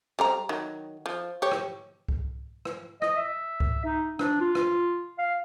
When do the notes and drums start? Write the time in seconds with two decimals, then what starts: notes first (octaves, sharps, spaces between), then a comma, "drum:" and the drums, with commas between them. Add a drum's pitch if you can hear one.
0.19 G3 C5 A#5
0.49 D#3 F#3
1.06 F3
1.42 G4 C#5
1.52 drum: rim click
2.08 drum: kick C2
2.65 drum: rim click
3.02 D#5, drum: rim click
3.17 E5
3.60 drum: kick C2
3.85 D#4
4.19 D4, drum: rim click
4.41 F4
4.55 drum: rim click
5.18 F5